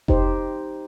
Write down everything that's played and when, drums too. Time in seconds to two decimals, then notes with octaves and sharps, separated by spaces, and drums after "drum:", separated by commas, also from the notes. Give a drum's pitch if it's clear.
0.08 D#4 G4 C5, drum: kick F1